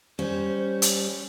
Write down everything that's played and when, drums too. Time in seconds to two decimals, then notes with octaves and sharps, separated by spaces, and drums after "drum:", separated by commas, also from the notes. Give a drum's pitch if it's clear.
0.19 G3 C#4 C5
0.82 drum: hi-hat